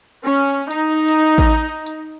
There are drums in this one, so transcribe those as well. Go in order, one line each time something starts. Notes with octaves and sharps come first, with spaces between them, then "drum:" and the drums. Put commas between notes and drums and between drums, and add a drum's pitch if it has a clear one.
C#4
D#4, drum: hi-hat
drum: cymbal
drum: kick A1
drum: hi-hat